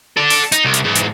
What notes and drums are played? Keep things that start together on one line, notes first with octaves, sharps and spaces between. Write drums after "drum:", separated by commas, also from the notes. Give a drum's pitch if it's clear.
A4 D5
drum: open hi-hat
D#4, drum: hi-hat
C2
drum: hi-hat
E2 G#2
drum: hi-hat